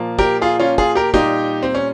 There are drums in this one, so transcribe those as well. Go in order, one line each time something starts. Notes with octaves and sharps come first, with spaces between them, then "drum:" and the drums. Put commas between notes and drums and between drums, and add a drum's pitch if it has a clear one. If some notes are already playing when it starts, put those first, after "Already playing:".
Already playing: A#2 F3 A#3
G4 A#4, drum: kick
F4 G#4
C#4 F4, drum: tom
F4 G#4, drum: kick
G4 A#4
A#2 G3 A#3 D#4 G4, drum: kick
C4
C#4